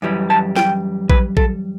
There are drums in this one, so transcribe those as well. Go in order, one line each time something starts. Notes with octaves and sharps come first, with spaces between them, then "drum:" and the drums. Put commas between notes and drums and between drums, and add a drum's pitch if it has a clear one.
F#2 E3 G3
A5
G5, drum: snare
B4, drum: kick A#1
A4, drum: kick A#1